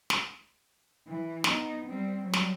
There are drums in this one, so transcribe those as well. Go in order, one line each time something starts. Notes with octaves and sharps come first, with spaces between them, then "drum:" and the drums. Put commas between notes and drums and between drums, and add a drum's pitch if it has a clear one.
drum: snare
E3
B3 D#4, drum: snare
G3 C4
F#3 G3
drum: snare